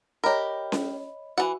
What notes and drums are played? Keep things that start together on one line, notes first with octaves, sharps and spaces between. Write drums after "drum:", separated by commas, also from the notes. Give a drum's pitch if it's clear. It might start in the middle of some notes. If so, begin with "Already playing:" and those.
G4 A#4 C#5 D#5 B5
drum: snare C#4
E3 F#4 F#5